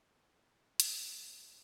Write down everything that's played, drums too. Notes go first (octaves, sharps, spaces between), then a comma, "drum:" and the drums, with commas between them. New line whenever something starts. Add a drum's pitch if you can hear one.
A#3 C#4 G#4
drum: hi-hat